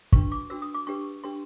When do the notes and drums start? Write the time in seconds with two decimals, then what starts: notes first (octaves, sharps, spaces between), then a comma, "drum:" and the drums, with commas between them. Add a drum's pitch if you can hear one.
0.12 D4 F#4 B4 C#6, drum: kick
0.32 D6
0.50 D4 F#4 B4 E6
0.62 D#6
0.74 D6
0.87 D4 G4 B4 C#6
1.24 D4 G4 B4 C6